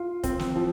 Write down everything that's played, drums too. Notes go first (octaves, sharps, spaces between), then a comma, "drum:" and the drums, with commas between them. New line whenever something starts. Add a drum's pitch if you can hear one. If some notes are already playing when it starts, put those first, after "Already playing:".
Already playing: F4
C4, drum: kick, hi-hat
drum: snare
F3